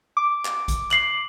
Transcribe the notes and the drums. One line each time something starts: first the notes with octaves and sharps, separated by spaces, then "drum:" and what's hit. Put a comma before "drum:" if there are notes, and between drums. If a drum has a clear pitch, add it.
D6
drum: clap
drum: kick A#1, hi-hat
C7 F#7, drum: clap